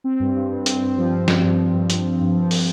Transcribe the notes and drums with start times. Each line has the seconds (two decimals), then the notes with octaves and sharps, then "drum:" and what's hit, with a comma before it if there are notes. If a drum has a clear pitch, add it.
0.04 C4
0.20 G2
0.36 G2
0.51 G2
0.66 C4, drum: hi-hat
0.81 G2
0.97 F3
1.12 C4
1.28 G2, drum: snare
1.44 G2
1.59 G2
1.73 G2
1.90 G2, drum: hi-hat
2.05 G2
2.21 G2
2.36 F3
2.51 drum: open hi-hat